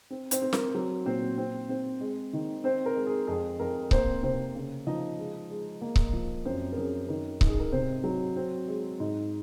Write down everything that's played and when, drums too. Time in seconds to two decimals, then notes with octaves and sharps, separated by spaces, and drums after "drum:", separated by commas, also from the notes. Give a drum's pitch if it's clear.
0.10 C4
0.31 C4 C5, drum: hi-hat
0.42 C4
0.53 A#4, drum: snare
0.74 F#3
1.06 A#2 C4 C5
1.38 C4
1.69 C4
2.01 G#3
2.33 D#3
2.64 C4 C5
2.86 A#4
2.96 G#3
3.07 G#4
3.27 F2 G#4
3.60 F2 A#4
3.91 A#3 C4 C5, drum: kick C#1
4.23 C3 C4 C5
4.55 C#3
4.87 F3 D#4 D#5
5.18 G#3
5.50 G#3
5.81 A#3
5.96 drum: kick C#1
6.13 F3
6.45 F#2 C4 C5
6.72 A#4
6.77 F#2 G#4
7.08 D#3 A#4
7.41 G#2, drum: kick C#1
7.47 G#4
7.60 A#4
7.72 C3 C4 C5
8.04 F#3
8.36 C4
8.67 G#3
9.00 G#2